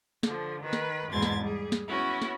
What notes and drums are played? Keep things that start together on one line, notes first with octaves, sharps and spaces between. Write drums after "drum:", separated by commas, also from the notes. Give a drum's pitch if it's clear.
D3 F3, drum: snare
D#3 B4
drum: snare
E2 G#2 B2 C6 G#6 A6
drum: snare
G3 G#4
drum: snare
B3 C#4 E4 F#4
drum: snare